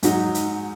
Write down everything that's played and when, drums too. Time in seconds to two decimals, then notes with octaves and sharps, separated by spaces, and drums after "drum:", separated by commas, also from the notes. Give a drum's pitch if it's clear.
0.03 G#2 F#3 D#4, drum: hi-hat
0.35 drum: hi-hat